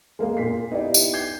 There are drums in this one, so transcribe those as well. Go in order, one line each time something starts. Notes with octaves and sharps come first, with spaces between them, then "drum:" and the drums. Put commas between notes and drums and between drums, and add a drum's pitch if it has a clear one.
G#3 A#3 A#4 F5
A#2 B6 C7
B3 D#4 E4 G4 D5
drum: tambourine
G6 G#6 C7 G7